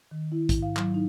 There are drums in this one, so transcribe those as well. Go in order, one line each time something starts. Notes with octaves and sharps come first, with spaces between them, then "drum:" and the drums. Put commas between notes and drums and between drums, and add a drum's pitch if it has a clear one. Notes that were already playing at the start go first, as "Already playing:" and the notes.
D#3
E4
G#2, drum: kick, hi-hat
F5
F#3, drum: clap
D#4